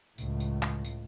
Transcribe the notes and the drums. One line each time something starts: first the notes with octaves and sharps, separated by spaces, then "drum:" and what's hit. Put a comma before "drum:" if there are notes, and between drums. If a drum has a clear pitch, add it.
C#2 A2, drum: tambourine
drum: tambourine
drum: clap
drum: tambourine